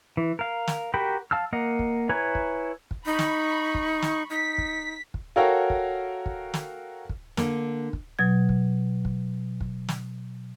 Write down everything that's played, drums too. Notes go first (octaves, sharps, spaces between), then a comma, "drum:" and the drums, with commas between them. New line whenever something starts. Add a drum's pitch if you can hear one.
E3
A#4 F5
drum: snare
F#4 G4 A#4 G5 B5
F5 A5 E6 F6
A#3 A#4 D#5 F#5
drum: kick
E4 B4 C#5 G#5 A#5
drum: kick
drum: kick
D#4 B5 C#6
drum: snare
drum: kick
drum: snare
D#4 B6
drum: kick
drum: kick
F#4 A4 A#4 C#5 F5 G5
drum: kick
drum: kick
drum: snare
drum: kick
D3 A#3, drum: snare
drum: kick
B2 F#3 G#6
drum: kick
drum: kick
drum: kick
drum: snare